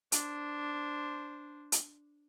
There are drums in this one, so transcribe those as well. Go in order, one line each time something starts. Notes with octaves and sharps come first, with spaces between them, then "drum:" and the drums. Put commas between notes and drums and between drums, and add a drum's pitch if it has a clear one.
D4 C5, drum: hi-hat
drum: hi-hat